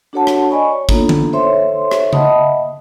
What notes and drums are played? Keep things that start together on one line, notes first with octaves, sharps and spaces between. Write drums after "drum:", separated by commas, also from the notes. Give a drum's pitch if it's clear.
D4 F#4 A4 C#5 F#5 A5
drum: rim click
D5 D#5 G#5 B5 C#6
C#5
A#3 B3 D4 D#4 F4 A4, drum: kick
drum: tom D3
D#4 A4 C5 C#5 E5 C6
drum: rim click
D#5 E5 F#5 A5 B5 D#6, drum: tom C#3